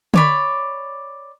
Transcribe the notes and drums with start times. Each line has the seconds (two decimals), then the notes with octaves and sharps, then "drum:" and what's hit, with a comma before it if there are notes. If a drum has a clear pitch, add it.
0.14 C#5 D5 B5, drum: tom D3